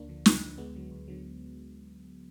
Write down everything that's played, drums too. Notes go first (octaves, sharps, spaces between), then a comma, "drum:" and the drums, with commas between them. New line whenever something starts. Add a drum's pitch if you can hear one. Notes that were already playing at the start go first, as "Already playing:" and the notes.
Already playing: D2 A#3 D4
D3 F3
D2, drum: snare
D3 F3
D2 G#3 B3
D3 F#3
D2
D3 F#3